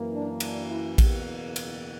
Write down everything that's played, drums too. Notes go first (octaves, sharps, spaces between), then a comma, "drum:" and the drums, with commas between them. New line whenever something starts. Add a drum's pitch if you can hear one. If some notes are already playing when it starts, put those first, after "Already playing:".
Already playing: F#2 E3 A#3
D4
D4, drum: cymbal
E4
F#1 E2 B2 A#3 G4, drum: kick A#1, cymbal
drum: cymbal